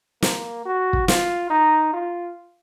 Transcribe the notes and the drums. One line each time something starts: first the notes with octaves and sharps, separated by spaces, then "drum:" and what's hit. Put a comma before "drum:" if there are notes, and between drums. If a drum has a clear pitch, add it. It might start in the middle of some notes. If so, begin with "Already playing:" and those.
A#3, drum: snare
F#4
drum: kick
F4, drum: snare
D#4
F4